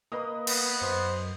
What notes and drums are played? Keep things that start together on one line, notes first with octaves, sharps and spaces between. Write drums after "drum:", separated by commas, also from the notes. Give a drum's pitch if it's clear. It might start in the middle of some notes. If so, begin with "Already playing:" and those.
A#3 B4 D#5 D#6
B3, drum: cymbal
F#2 C5